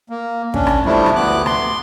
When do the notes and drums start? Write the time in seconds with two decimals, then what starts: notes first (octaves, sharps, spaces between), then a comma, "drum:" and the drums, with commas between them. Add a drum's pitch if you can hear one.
0.09 A#3
0.54 C#4 D4, drum: kick
0.67 drum: rim click
0.85 F3 G3 A3 D4 E4
1.06 drum: rim click
1.16 D2 B3 D6 F#6
1.46 C6, drum: rim click